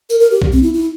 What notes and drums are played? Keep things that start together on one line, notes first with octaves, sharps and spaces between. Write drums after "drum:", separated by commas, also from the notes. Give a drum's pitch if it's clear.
A#4, drum: tambourine
A#4
G4
drum: kick B1
C4
E4
E4